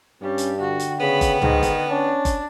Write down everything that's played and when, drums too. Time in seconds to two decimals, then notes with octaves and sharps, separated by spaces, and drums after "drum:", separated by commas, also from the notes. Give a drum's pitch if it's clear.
0.22 G2 G3 C#4
0.38 drum: hi-hat
0.60 D3 F#4 G5
0.79 drum: hi-hat
1.00 C#3 B3 B5
1.21 drum: kick F#1, hi-hat
1.42 G#2 D#3, drum: tom C#2
1.63 drum: kick F#1, hi-hat
1.89 C#4 D4
2.25 drum: kick F#1, hi-hat